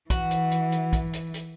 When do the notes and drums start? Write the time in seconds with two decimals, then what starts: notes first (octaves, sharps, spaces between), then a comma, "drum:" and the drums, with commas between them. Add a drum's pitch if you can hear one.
0.10 E3 F#4, drum: kick, hi-hat
0.31 drum: hi-hat
0.51 drum: hi-hat
0.72 drum: hi-hat
0.93 drum: kick, hi-hat
1.13 drum: hi-hat
1.34 drum: hi-hat